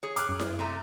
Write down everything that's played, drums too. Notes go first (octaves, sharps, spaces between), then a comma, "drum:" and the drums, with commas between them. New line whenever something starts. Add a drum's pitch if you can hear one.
G#4 C#5
D6 F6 F#6, drum: hi-hat
F#2
drum: snare E4
C3 A3 A#5